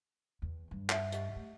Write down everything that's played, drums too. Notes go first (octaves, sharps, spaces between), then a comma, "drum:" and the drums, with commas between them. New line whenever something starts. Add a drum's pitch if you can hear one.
E2
G2
E5 A5, drum: clap
G4 D#5 F#5, drum: hi-hat
A3